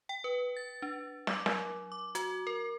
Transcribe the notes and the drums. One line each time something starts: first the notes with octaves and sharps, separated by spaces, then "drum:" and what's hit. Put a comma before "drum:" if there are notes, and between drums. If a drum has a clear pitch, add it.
G5
B4
A6
D4
D6, drum: snare
F#3, drum: snare
D6
F#4, drum: hi-hat
A#4